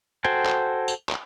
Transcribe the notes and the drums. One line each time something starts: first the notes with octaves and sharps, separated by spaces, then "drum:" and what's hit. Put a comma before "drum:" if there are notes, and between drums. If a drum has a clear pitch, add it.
F#4 A4 C5 G5 G#5
drum: clap
drum: tambourine
drum: clap